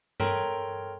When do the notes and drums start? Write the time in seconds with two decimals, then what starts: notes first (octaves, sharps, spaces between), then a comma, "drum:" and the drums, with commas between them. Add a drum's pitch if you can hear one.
0.20 A4 A#4 C#5 G5 A#5 C6, drum: tom G2